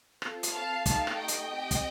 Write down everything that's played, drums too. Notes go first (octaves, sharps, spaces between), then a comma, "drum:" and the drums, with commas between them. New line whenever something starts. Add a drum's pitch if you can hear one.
C4 F4 A4, drum: rim click
drum: hi-hat
F5 A5
A3 D#4 G4 F5 A5, drum: kick, hi-hat
drum: rim click
D#5 G5
drum: hi-hat
C4 G4
drum: kick, hi-hat